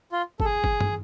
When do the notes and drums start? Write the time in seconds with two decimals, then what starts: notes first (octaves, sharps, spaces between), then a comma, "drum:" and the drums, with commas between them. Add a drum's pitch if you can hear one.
0.12 F4
0.40 A4, drum: kick G1
0.45 G#4
0.64 drum: kick G1
0.81 drum: tom G2